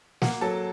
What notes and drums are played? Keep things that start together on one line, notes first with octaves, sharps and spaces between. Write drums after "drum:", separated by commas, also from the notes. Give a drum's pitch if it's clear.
A#3 F#4 F#5, drum: snare
F#3 A4 A5